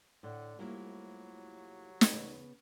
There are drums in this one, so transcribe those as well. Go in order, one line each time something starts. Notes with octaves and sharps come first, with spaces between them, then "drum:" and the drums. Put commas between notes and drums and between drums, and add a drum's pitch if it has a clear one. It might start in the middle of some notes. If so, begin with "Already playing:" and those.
A2 D3 F#5
C2 A2 F#3 A#3 E4 F4
drum: snare
C#3 B3